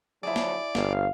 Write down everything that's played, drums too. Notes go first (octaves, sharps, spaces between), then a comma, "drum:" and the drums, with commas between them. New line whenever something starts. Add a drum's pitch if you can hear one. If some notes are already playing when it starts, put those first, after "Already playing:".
D3 F3 F#3 E4 F#4 G#4 D5
drum: snare
G1 F5, drum: snare